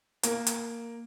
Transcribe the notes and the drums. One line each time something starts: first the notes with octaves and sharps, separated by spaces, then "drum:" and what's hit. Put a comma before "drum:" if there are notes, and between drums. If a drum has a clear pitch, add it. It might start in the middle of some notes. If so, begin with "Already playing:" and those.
A#3, drum: hi-hat
drum: hi-hat